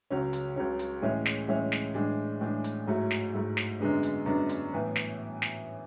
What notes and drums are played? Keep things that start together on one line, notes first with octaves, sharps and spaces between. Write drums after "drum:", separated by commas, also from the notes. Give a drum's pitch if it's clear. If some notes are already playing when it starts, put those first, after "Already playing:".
C#2 C#3 F#3 C#4
drum: hi-hat
C#2 C#3 F#3 C#4
drum: hi-hat
A2 E3 G#3 C#4 E4
drum: snare
A2 E3 G#3 C#4 E4
drum: snare
A2 E3 G#3 D4
A2 E3 G#3 D4
drum: hi-hat
G#2 F#3 A3 E4
drum: snare
G#2 F#3 A3 E4
drum: snare
F#2 D3 G#3 B3 D4
drum: hi-hat
F#2 D3 G#3 B3 D4
drum: hi-hat
A2 E3 B3
drum: snare
drum: snare